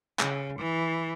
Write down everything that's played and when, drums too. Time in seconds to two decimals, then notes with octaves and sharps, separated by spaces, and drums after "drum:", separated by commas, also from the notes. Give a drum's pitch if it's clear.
0.19 C#3, drum: clap
0.59 E3